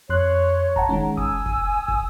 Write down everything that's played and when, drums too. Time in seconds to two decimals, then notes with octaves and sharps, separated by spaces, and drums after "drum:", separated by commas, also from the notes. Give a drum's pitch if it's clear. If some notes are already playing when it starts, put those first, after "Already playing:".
0.10 F2 C#5 C6 F#6
0.76 F#5 A5 A#5, drum: kick
0.89 D#3 G#3 C#4
1.17 G#5 D#6 E6, drum: kick
1.46 drum: kick
1.88 drum: kick